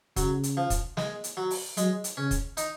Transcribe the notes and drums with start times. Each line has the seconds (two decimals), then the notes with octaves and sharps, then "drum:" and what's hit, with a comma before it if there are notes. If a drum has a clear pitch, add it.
0.16 C#3 F#3, drum: kick, hi-hat
0.43 drum: hi-hat
0.57 F3
0.70 drum: kick, hi-hat
0.97 G#3, drum: snare
1.24 drum: hi-hat
1.37 F#3
1.51 drum: open hi-hat
1.77 F#3 G#3, drum: hi-hat
2.04 drum: hi-hat
2.17 C#3 C#4
2.31 drum: kick, hi-hat
2.57 D#4, drum: hi-hat